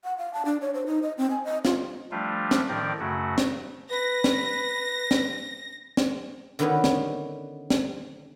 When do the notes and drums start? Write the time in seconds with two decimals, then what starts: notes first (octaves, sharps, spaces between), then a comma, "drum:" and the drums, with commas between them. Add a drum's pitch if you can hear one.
0.04 F#5
0.18 F5
0.34 A5
0.45 D4
0.61 C#5
0.74 C5
0.86 D#4
1.03 D#5
1.18 C4
1.30 G#5
1.44 D#5
1.65 F4, drum: snare
2.11 F3 G3 A3 D4 F4
2.51 drum: snare
2.69 A2 D#3 F3 A#4 D5 G5
2.99 F#2 C#3 A3 F#4
3.38 drum: snare
3.90 B4 A#6
4.24 drum: snare
5.11 drum: snare
5.97 drum: snare
6.59 D3 D#3 B3 C#4 F#4 C#5
6.84 drum: snare
7.70 drum: snare